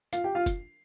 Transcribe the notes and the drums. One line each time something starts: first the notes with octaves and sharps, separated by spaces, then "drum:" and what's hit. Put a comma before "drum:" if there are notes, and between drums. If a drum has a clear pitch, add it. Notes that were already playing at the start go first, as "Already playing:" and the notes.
F4 F5, drum: hi-hat
G4 G5
F4 F5
drum: kick F#1, hi-hat